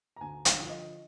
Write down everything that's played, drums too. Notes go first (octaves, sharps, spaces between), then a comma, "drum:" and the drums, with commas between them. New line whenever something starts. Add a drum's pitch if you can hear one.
A#5
D2 G#5
F5, drum: hi-hat
D3 F3
D#5